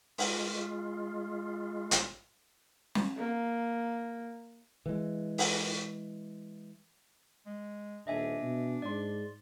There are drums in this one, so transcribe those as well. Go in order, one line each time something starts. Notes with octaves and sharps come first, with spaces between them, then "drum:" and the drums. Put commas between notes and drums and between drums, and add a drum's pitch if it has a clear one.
G#3 F4, drum: open hi-hat
drum: hi-hat
drum: snare
A#3
E3 G#3
drum: open hi-hat
G#3
D#1 D4 D#5 E5 G#5
B2
G#2 D5 C6